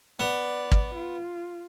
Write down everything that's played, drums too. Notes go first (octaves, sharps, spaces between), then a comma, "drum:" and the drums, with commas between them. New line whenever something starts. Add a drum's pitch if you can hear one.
B3 D5
drum: kick
F4